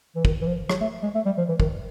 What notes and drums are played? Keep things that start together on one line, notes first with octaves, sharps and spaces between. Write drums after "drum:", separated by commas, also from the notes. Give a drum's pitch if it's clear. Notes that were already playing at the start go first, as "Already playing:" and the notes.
E3
D#3, drum: kick
E3
F3
F#3, drum: rim click
A3
G#3
A3
G3
F3
E3
D#3, drum: kick